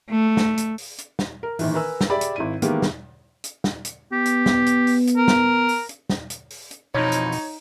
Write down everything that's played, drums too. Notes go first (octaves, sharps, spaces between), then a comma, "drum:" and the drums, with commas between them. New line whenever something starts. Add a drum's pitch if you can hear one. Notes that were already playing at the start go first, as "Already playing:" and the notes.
A3
drum: snare
drum: hi-hat
drum: open hi-hat
drum: hi-hat
drum: snare
A#4
A#1 D#3 E3, drum: open hi-hat
A#4 B4 G#5 E6
drum: snare
G4 G#4 D5 E5 B5
drum: hi-hat
G#1 E4 D#7
D#3 E3 G#3 A#3 B3 G4, drum: hi-hat
drum: snare
drum: hi-hat
drum: snare
drum: hi-hat
B3 G4
drum: hi-hat
drum: snare
drum: hi-hat
drum: open hi-hat
drum: hi-hat
A#4
drum: snare
drum: open hi-hat
drum: hi-hat
drum: snare
drum: hi-hat
drum: open hi-hat
drum: hi-hat
F2 B2 E3 F3 D#4 C#5
drum: hi-hat
drum: open hi-hat